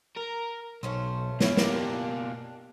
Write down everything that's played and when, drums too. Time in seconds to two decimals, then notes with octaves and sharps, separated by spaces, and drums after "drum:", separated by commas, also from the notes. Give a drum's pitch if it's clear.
0.17 A#4
0.83 B1 A3 C#4 C5
1.41 B2 C#4 E4, drum: snare
1.57 B2 A#3 D4 G4, drum: snare